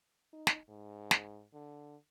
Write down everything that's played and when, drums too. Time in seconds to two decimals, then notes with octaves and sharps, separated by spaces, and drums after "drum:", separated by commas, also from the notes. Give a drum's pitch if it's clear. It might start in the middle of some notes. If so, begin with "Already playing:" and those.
0.33 D#4
0.47 drum: snare
0.69 G#2
1.11 drum: snare
1.54 D3